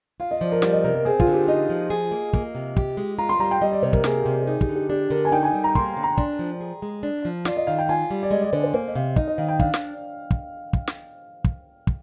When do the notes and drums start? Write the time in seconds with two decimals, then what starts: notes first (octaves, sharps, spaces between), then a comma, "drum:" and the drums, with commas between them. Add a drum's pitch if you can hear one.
0.20 F4 F5
0.31 D#5
0.41 F3 D5
0.52 A#4
0.62 G3 D5, drum: snare
0.73 D#5
0.84 C3 A#4
0.95 A#4
1.05 C4 G#4
1.20 F4, drum: kick
1.27 D3
1.33 G4
1.48 D#4 D#5
1.70 F3
1.90 G#4
2.11 A#3
2.33 A#3, drum: kick
2.55 C3
2.76 G4, drum: kick
2.97 G#3
3.18 F4 A#5
3.29 C6
3.40 G3 A#5
3.51 G5
3.61 G3 D#5
3.72 D5
3.82 C3 C5
3.93 A#4, drum: kick
4.04 A#3 G#4, drum: snare
4.19 G4
4.26 C3
4.43 G4
4.47 D#4 G#4
4.61 G4, drum: kick
4.69 D3
4.76 G4
4.90 D4 G4
5.10 D3 A#4
5.25 G#5
5.32 D#4 G5
5.43 G#5
5.54 G3
5.64 A#5
5.75 A#3 C6, drum: kick
5.97 D3
6.04 A#5
6.18 D4, drum: kick
6.39 F3
6.60 G#4
6.82 G#3
7.03 D4
7.25 F3
7.45 F4 D5, drum: snare
7.57 D#5
7.67 D#3 F5
7.78 G5
7.89 F4 G#5
8.11 G3
8.23 D5
8.31 G#3 D#5
8.42 D5
8.53 D3 C5
8.64 C5
8.74 A#3 C5
8.87 D#5
8.95 C3 F5
9.16 D#4 D#5, drum: kick
9.27 D#5
9.38 D#3 F5
9.49 G5
9.60 D4 F5, drum: kick
9.74 drum: snare
10.31 drum: kick
10.73 drum: kick
10.87 drum: snare
11.44 drum: kick
11.87 drum: kick